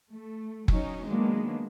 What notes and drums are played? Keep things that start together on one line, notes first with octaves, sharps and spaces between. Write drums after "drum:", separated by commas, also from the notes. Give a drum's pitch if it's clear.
A3
F#3 C#4 D#4, drum: kick F#1
D#3 F#3 G#3 A#3 B3 D4